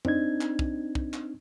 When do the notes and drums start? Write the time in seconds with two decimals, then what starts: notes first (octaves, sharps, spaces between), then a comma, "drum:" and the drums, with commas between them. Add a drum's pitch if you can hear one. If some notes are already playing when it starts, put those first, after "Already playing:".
0.05 C4 D4 D#4 G#6, drum: tom
0.41 drum: clap
0.59 drum: kick
0.95 drum: kick
1.13 drum: clap